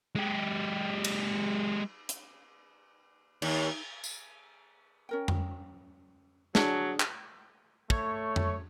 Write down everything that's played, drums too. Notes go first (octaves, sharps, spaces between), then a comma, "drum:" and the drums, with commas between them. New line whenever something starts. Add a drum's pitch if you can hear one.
G#3 G4
drum: cymbal
drum: hi-hat
D#2, drum: cymbal
drum: tambourine
C#4 A#4 G5
drum: tom F2
F#3 D4 G#4 D5 F#5 A5, drum: snare
drum: clap
A3 C#5, drum: kick
drum: tom F2